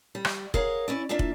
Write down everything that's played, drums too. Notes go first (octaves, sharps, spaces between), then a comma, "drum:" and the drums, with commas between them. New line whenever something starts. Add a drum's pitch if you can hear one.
G3
drum: rim click
G#4 A#4 C#5 F5 F#5, drum: kick
C#4 E4 D5
A#3 D4 F4 E5 A5
drum: kick